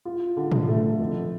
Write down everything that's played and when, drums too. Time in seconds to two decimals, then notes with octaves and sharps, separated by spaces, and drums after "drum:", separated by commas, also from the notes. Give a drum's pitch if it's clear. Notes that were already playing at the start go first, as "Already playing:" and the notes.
0.05 F4
0.37 D3
0.52 drum: tom
0.68 A3
1.00 F2